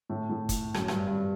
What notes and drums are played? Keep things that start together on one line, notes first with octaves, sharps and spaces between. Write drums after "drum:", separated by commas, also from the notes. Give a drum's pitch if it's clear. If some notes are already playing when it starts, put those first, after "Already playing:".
A2
A2
drum: kick, hi-hat
F#2, drum: rim click
G2, drum: rim click
G2